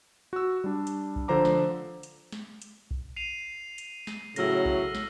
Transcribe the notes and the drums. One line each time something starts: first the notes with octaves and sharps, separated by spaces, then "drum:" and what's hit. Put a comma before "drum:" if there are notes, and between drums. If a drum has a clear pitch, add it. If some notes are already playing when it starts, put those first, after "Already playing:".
F#4 E6
G3 D4
drum: hi-hat
drum: kick A#1
D3 F3 C5 A#5 D6
drum: snare
drum: hi-hat
drum: snare
drum: hi-hat
drum: kick A#1
C7 D#7 F7
drum: hi-hat
drum: snare
A2 C#3 F#3 E6 F6 A#6, drum: hi-hat
drum: kick A#1
drum: snare